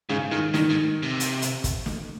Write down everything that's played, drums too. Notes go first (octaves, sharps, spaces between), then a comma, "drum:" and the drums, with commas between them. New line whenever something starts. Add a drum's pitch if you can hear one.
G#2 C#3
G#2 D#3
G2 D#3, drum: snare
G#2
C3
drum: hi-hat
drum: hi-hat
drum: kick, hi-hat
drum: snare